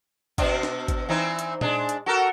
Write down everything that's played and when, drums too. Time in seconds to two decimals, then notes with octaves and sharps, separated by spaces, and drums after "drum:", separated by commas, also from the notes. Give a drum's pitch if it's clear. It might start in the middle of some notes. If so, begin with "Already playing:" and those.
0.38 B2 C4 D4, drum: kick G#1, hi-hat
0.63 drum: snare
0.88 drum: kick G#1, hi-hat
1.09 E3 C4 D#4
1.39 drum: hi-hat
1.61 G#3 D4, drum: tom A#2
1.89 drum: hi-hat
2.06 F#4 A4 A#4